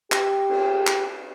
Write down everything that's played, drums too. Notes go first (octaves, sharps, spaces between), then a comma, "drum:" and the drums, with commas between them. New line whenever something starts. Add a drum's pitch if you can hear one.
G4, drum: clap
drum: cymbal
drum: clap